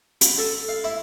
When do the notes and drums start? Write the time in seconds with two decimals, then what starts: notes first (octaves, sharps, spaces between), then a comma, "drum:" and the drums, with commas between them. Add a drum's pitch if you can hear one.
0.21 B5, drum: hi-hat
0.38 A4
0.68 F5
0.84 E4